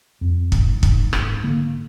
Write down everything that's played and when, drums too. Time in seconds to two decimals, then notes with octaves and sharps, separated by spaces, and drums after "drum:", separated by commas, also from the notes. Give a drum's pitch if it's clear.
0.21 F2
0.52 G#2, drum: kick
0.83 G#2, drum: kick
1.13 G#2, drum: rim click
1.43 D3 A#3